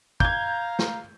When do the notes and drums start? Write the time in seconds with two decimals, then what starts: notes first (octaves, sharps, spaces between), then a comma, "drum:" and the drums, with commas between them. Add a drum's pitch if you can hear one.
0.20 F5 A#5 G6 G#6, drum: kick
0.79 drum: snare